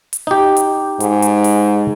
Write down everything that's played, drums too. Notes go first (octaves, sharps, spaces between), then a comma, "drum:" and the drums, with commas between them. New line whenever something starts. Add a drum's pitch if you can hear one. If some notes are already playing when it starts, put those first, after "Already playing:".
drum: hi-hat
D#4 G4
drum: hi-hat
G#2, drum: hi-hat
drum: hi-hat
drum: open hi-hat